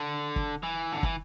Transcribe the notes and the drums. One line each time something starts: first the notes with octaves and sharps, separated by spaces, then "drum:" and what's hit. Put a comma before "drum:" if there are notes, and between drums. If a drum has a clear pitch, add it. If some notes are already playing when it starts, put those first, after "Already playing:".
Already playing: D3
drum: kick
E3
D3
E3, drum: kick